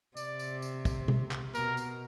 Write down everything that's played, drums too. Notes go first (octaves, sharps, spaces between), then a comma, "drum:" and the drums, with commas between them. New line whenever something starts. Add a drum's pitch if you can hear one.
C3 D5, drum: tambourine
drum: tambourine
drum: tambourine
drum: kick, tambourine
drum: tom
drum: clap
B2 A#4, drum: tambourine
drum: tambourine